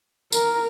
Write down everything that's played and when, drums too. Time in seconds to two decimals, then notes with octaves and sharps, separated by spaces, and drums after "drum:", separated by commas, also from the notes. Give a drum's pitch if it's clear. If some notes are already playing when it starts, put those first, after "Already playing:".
0.32 A#4, drum: tambourine